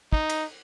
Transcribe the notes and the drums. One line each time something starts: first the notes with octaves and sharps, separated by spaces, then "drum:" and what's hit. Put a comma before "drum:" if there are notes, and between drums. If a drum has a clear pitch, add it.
D#4, drum: kick
drum: cymbal